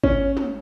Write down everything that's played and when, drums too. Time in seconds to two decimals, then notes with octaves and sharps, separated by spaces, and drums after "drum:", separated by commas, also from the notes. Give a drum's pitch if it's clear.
0.03 C#4, drum: kick
0.37 drum: tom